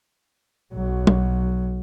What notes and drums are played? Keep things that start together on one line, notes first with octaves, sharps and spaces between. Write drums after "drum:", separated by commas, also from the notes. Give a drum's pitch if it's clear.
B1 F#3
drum: tom F#3